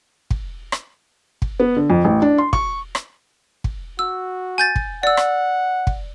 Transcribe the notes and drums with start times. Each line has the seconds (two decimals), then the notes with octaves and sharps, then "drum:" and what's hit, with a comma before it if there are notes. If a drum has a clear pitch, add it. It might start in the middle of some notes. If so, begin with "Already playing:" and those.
0.31 drum: kick
0.72 drum: rim click
1.42 drum: kick
1.60 B3
1.76 D3
1.90 F2
2.05 A1
2.22 D4
2.38 C6
2.53 C#6, drum: kick
2.95 drum: rim click
3.64 drum: kick
3.99 F#4 E6
4.58 G#5 G6 A6
4.76 drum: kick
5.03 D5 F#5 E6
5.17 drum: rim click
5.87 drum: kick